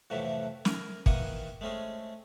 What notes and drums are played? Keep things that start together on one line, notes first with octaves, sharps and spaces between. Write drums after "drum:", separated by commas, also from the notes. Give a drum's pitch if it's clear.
F2 A2 C3 E3 F#3 A3
A#4 G#5, drum: snare
D#3 E3 A#3 F#5 C#6 D#6, drum: kick
G#3 A3 C4 C#4 G#4